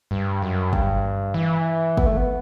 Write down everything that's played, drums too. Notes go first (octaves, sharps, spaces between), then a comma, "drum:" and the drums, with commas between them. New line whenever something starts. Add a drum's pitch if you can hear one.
G2
F#2
G2, drum: kick
E3
B3, drum: kick
A3
B3